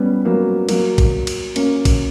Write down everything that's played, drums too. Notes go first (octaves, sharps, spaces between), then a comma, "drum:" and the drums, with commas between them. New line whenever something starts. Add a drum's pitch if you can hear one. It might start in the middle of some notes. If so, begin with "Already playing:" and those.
Already playing: G3 B3 C#4
F#3 A#3
F#3 A#3, drum: cymbal
drum: kick, cymbal
drum: cymbal
A#3 C#4, drum: cymbal
drum: kick, cymbal